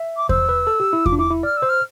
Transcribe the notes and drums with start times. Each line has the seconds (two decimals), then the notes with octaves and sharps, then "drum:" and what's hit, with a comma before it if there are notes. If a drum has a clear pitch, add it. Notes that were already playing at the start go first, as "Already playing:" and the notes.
Already playing: E5
0.17 D6
0.29 C5 E6, drum: kick E2
0.49 B4
0.67 A4
0.80 G4
0.93 E4
1.06 F4 D6, drum: kick E2
1.13 D4
1.19 E4 D6
1.31 E4
1.43 D5 F6
1.57 E6
1.63 C5
1.69 F6